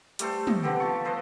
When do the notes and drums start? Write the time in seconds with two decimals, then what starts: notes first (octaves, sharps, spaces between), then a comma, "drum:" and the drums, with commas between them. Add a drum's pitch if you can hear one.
0.19 G3 A3 A4 C5, drum: hi-hat
0.47 D#5, drum: tom
0.63 D3 B3 C4 G4
0.80 F3 A5 C#6
1.05 A4 B4 C5 D#5